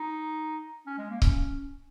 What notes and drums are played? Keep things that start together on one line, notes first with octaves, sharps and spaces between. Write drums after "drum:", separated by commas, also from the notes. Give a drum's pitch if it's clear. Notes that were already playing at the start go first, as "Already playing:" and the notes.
Already playing: D#4
C#4
G#3
A#3
C#4, drum: kick C#1